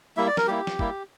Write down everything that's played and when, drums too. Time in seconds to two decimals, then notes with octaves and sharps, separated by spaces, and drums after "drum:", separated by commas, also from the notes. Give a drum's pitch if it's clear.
0.17 G3 A#3 E4 E5
0.27 D5
0.37 A#4, drum: snare
0.47 G3 A#3 E4 G4
0.67 drum: snare
0.79 G3 A#3 E4, drum: kick